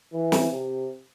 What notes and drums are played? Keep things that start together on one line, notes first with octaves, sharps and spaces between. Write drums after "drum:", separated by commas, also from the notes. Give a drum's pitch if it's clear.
E3
drum: snare
C3